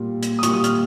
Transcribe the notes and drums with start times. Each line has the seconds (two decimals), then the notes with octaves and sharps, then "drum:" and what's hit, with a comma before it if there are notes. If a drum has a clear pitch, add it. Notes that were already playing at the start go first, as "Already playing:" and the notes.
Already playing: A#2 G3
0.23 drum: hi-hat
0.39 D#6
0.43 A#2 G3 C#6, drum: hi-hat
0.53 D#6
0.64 F6, drum: hi-hat